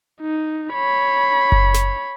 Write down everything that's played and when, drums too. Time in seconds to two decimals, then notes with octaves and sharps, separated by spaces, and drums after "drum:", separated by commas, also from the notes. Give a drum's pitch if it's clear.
0.21 D#4
0.72 C#5 B5
1.52 drum: kick F#1
1.74 drum: snare